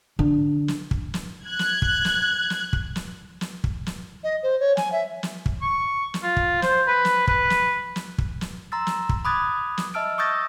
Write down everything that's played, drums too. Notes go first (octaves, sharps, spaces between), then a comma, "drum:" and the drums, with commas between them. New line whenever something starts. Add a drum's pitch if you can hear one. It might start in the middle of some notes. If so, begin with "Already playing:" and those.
D3
drum: snare
drum: kick
drum: snare
F#6 G#6
drum: snare
drum: kick
drum: snare
drum: snare
drum: kick
drum: snare
drum: snare
drum: kick
drum: snare
D#5
C5
C#5
G#5, drum: snare
E5
drum: snare
drum: kick
C#6
drum: snare
F4
drum: kick
C5, drum: snare
B4
drum: snare
B4, drum: kick
drum: snare
drum: snare
drum: kick
drum: snare
A#5 C6 E6 A6
drum: snare
drum: kick
B5 D6 D#6 F#6 G#6 A6
drum: snare
D#5 E5 A5 E6 F6 D7
C#6 D#6 E6 G6 A6 A#6